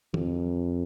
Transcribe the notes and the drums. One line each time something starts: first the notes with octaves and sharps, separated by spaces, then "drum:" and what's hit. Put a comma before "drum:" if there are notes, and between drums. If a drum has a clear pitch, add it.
F2, drum: tom